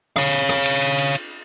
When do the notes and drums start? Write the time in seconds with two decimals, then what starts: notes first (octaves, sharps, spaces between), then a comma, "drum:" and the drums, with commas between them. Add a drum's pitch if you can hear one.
0.16 C#5 F5, drum: rim click
0.33 drum: cymbal
0.49 drum: rim click
0.66 drum: cymbal
0.82 drum: cymbal
0.99 drum: cymbal
1.15 drum: cymbal